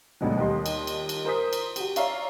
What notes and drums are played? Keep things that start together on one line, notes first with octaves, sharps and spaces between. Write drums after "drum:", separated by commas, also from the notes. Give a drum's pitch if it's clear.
G#1 D2 B2 F#3
D#2 G3 D#5 C6
drum: cymbal
drum: cymbal
drum: cymbal
A#4 C5 C6 D#6 B6
drum: cymbal
F#4 G4, drum: cymbal
C#5 D5 E5 F5 A#5 C#6, drum: cymbal